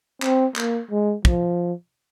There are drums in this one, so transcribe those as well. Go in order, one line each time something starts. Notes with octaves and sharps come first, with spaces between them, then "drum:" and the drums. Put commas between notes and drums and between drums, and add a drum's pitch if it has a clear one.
C4, drum: clap
A#3, drum: clap
G#3
F3, drum: kick